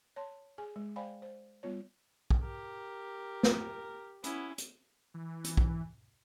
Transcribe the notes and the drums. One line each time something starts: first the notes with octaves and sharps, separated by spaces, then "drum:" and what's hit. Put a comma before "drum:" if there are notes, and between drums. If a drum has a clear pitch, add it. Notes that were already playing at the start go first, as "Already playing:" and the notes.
C#5 A5 C6
G#4 G#5
G#3
C5 D5 F5 G5 G#5 B5
C5
G3 B3 F4 C#5
drum: kick
G4 A#4
drum: snare
B3 C#4 E4, drum: hi-hat
drum: hi-hat
E3
drum: hi-hat
drum: kick